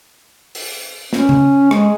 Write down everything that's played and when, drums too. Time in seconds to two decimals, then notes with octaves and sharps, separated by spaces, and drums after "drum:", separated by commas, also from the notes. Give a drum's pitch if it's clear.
0.55 drum: open hi-hat
1.13 C#4, drum: snare
1.29 drum: tom C#3
1.71 G#3, drum: rim click